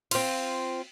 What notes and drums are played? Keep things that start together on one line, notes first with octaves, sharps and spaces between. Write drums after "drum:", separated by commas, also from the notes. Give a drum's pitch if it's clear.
C4 F4, drum: cymbal